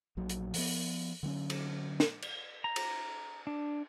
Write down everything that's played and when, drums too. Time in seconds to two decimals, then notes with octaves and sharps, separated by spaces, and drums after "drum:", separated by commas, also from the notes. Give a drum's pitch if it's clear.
0.17 A#1 A#2 F#3
0.29 drum: hi-hat
0.54 F3 B3, drum: open hi-hat
1.23 D3 F#3 C4 C#4
1.50 drum: cymbal
2.00 drum: snare
2.22 drum: cymbal
2.64 A#5
2.76 drum: cymbal
3.47 D4